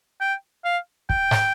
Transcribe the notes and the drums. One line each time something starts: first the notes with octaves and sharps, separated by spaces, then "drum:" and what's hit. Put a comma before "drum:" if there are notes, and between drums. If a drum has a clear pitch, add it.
G5
F5
G5, drum: kick
drum: snare